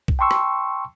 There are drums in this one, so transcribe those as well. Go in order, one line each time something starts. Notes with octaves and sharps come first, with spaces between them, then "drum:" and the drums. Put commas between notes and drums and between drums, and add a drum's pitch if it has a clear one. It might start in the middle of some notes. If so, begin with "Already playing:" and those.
drum: kick B1
G5 A5 C6 C#6 E6
drum: rim click